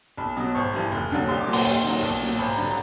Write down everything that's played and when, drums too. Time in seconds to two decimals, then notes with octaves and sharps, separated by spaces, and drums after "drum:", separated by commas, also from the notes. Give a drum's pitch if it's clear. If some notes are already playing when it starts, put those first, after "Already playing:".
0.17 B1 B5
0.37 B2 F#3
0.55 G#1 C#6
0.73 G2 E3
0.92 F1
1.11 D#2 D3 F#3
1.29 C2 C6
1.41 D6
1.47 A#2 F#3
1.53 C6, drum: open hi-hat
1.65 D#2 C6
1.83 D#3 F#3
2.02 B1
2.21 A#2 F#3
2.39 G#1 B5
2.49 A#5
2.57 G2 D3 F#3 B5
2.67 A#5